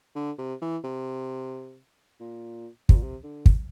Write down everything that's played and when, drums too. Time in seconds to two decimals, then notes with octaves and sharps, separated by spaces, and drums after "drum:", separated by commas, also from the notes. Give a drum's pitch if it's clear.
0.16 D3
0.38 C3
0.62 E3
0.84 C3
2.20 A#2
2.89 C3, drum: kick
2.96 A#2
3.03 C3
3.23 D3
3.46 drum: kick